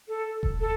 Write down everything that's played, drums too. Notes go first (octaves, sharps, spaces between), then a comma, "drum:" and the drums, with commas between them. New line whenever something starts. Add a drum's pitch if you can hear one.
A4
drum: kick E1
A4